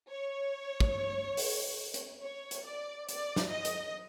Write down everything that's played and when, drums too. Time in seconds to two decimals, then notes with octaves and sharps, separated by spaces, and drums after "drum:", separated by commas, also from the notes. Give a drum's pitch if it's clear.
0.09 C#5
0.80 drum: kick
1.37 drum: open hi-hat
1.94 drum: hi-hat
2.23 C#5
2.51 drum: hi-hat
2.66 D5
3.09 D5, drum: hi-hat
3.36 drum: snare
3.51 D#5
3.65 drum: hi-hat